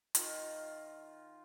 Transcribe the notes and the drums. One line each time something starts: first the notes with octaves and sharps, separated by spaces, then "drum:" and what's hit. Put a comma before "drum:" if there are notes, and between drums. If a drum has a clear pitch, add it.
D#3 F4, drum: hi-hat